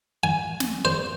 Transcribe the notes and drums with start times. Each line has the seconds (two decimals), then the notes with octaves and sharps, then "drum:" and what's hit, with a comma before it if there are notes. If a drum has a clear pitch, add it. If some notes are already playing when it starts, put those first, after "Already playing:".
0.24 G#5
0.60 drum: snare
0.85 C5